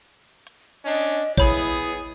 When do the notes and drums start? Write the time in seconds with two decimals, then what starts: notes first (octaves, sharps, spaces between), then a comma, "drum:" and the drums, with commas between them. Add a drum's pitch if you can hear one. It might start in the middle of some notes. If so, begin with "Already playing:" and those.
0.47 drum: hi-hat
0.85 C#4 D4 D#5
0.94 drum: hi-hat
1.38 B3 E4 G#4 C#5 B5, drum: kick